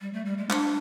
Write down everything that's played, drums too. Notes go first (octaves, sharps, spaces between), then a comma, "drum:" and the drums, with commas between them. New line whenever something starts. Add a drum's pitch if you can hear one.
G3
A3
G3
G#3
D4, drum: clap